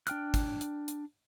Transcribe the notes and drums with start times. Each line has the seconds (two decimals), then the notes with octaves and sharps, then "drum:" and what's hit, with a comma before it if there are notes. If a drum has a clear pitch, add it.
0.07 D4 G5 F6 F#6, drum: hi-hat
0.34 drum: kick, hi-hat
0.61 drum: hi-hat
0.88 drum: hi-hat